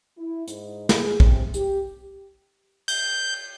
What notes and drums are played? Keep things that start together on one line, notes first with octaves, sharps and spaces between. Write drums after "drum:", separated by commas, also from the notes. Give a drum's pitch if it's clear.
E4
G#2, drum: hi-hat
G#4, drum: snare
C3, drum: kick
G4, drum: hi-hat
G6, drum: cymbal